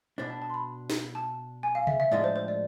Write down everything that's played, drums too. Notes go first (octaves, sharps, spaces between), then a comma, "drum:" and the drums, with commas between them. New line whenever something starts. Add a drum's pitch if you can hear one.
B2 B3 D4
A5
A5
C6
B5
drum: snare
A5
G#5
F5
E5, drum: tom C3
E5
A2 F3 G#3 D4 D5
C5
C5
D5